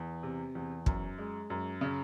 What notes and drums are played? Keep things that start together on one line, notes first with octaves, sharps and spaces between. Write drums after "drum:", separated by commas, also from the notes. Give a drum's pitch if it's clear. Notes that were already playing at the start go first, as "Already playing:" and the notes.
Already playing: E2
C3
E2
F#2, drum: kick
G#3
F#2
C#3